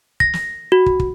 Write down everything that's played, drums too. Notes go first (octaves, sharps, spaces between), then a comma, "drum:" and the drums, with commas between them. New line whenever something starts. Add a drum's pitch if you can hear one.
A#6, drum: kick
drum: snare
F#4
drum: kick
drum: kick